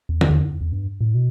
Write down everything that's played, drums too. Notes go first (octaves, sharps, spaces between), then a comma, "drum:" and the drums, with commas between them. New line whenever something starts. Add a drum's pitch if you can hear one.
E2
drum: tom D3
E2
F2
E2
G2
A2
B2